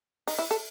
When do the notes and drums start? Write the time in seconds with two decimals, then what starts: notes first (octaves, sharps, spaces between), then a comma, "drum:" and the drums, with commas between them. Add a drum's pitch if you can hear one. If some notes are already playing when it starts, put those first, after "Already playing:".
0.27 D#4, drum: open hi-hat
0.39 E4
0.51 A4